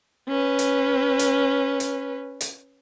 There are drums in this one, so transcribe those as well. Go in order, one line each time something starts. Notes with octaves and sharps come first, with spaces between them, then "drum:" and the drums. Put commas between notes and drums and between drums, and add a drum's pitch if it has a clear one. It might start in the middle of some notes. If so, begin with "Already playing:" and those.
C#4 B4
drum: hi-hat
drum: hi-hat
drum: hi-hat
drum: hi-hat